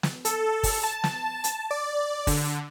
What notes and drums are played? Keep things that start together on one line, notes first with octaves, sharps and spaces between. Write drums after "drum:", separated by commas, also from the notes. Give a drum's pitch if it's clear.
drum: snare
A4, drum: hi-hat
drum: kick, open hi-hat
A5
drum: snare
drum: hi-hat
D5
D3, drum: kick, open hi-hat